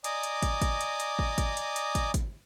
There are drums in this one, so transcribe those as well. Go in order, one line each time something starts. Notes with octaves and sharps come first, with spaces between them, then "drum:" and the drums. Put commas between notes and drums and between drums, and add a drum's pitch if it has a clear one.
D5 D#5 G#5 A#5 D6 D#6, drum: hi-hat
drum: hi-hat
drum: kick, hi-hat
drum: kick, hi-hat
drum: hi-hat
drum: hi-hat
drum: kick
drum: kick, hi-hat
drum: hi-hat
drum: hi-hat
drum: kick, hi-hat
drum: kick, hi-hat